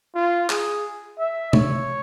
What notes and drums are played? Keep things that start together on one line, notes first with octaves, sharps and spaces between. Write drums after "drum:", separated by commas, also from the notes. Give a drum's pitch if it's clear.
F4
G#4, drum: clap
E5
C#5, drum: tom C3